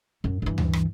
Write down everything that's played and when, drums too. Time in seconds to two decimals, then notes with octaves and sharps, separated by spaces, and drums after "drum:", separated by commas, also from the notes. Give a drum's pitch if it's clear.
0.24 F#2
0.42 G2 E3
0.58 drum: tom D2
0.73 drum: rim click